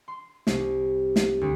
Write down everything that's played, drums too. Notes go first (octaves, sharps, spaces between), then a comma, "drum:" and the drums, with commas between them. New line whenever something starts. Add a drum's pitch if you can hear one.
C6
C2, drum: snare
drum: snare
D2